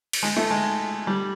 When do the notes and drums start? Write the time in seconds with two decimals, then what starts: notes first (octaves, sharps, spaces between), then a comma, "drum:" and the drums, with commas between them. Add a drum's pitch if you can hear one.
0.13 drum: cymbal
0.23 G#3
0.37 A3
0.50 G#3
1.07 G3